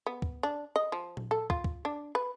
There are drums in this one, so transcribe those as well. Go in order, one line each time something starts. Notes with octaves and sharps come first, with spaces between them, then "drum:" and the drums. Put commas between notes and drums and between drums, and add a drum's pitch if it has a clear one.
B3
drum: kick
D4
D#5
F3
drum: tom A#2
A4
F4, drum: kick
drum: kick
D4
B4